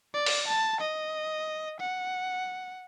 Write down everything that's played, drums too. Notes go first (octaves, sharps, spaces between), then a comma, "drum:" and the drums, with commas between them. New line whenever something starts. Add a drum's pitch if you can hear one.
D5
drum: open hi-hat
A5
D#5
F#5